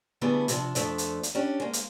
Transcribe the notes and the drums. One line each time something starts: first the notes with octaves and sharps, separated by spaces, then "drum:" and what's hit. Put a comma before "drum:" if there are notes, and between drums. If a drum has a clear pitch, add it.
D3 G3 A3 B3 E4 G#4
C3 F3 D4, drum: hi-hat
F2 F3 A3 D4, drum: hi-hat
drum: hi-hat
drum: hi-hat
C#4 D4 G4
G#3 A#3
drum: hi-hat